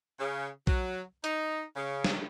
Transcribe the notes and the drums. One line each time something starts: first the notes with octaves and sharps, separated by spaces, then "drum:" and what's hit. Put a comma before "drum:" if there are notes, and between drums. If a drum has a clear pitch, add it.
C#3
F#3, drum: kick A#1
D#4, drum: hi-hat
C#3
drum: snare